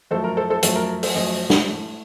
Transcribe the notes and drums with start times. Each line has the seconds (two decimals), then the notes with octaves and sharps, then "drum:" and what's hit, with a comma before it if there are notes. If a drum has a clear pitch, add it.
0.11 F#2 F3 A3 A4 C5
0.24 A#4
0.37 A4 C5
0.50 A4 C5
0.63 F#2 F3 A3 A4, drum: hi-hat
0.76 A#4
0.89 A#4
1.03 A4 C5, drum: open hi-hat
1.15 F#2 F3 A3 C5 D#5
1.50 drum: snare
1.67 A2 A3